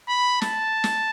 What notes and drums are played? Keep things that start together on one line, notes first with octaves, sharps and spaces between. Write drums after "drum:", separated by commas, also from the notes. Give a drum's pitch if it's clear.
B5
A5, drum: snare
drum: snare